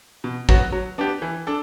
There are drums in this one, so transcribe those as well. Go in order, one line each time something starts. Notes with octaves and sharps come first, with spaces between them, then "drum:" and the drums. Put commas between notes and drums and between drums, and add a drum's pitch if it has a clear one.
B2
F#3 B3 F#4, drum: kick
F#3
B3 D4 G4
E3
D4 A4